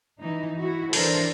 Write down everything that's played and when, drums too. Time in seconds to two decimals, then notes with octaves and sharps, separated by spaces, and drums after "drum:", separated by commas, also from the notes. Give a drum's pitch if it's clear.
0.19 E3 D#4
0.60 E4 F#4
0.93 E3 D4 A4 A#4 C5, drum: open hi-hat